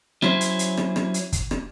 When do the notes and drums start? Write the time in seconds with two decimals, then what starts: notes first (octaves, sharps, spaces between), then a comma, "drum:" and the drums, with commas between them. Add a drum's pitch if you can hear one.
0.22 F#3 C#4 E4 C5, drum: rim click
0.41 drum: hi-hat
0.59 drum: hi-hat
0.77 drum: rim click
0.96 drum: rim click
1.14 drum: hi-hat
1.32 drum: kick, hi-hat
1.51 drum: rim click